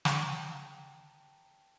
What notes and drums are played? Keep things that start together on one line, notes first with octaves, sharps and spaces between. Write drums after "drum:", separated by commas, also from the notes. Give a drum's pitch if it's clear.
G5 A5 A#5, drum: snare